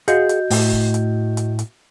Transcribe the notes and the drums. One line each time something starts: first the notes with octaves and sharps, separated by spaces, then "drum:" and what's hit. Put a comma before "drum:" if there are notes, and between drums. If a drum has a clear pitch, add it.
F#4 G#4 D#5 F5 F#5 G6, drum: hi-hat
drum: hi-hat
A2, drum: open hi-hat
drum: kick
drum: hi-hat
drum: hi-hat
drum: hi-hat